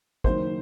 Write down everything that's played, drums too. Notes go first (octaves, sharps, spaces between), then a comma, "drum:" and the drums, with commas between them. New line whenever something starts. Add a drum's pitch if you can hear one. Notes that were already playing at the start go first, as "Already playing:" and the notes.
F#1 F#2 D#3 C5, drum: kick